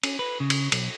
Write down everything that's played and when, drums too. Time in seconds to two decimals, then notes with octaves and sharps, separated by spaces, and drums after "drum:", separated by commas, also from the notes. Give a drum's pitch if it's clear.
0.03 C#4, drum: cymbal
0.19 B4
0.40 C#3
0.50 drum: cymbal
0.72 B1, drum: cymbal